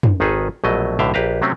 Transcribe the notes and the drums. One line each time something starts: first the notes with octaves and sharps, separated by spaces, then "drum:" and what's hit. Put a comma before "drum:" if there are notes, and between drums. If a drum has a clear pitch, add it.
drum: tom
G#1 D#3 D#4 G#4 A4 B4
A#1 B2 F#3 A3 D#5
B1 A2 D3 E5 F5 G5
A#1 G4 B4 F5 A#5
C3 F#3 A3 C4 C#4